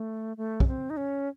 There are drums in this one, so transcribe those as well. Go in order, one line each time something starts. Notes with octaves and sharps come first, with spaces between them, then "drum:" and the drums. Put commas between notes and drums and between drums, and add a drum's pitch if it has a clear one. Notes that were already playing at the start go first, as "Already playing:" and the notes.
Already playing: A3
A3
C#4, drum: kick B1
C4
D#4
C#4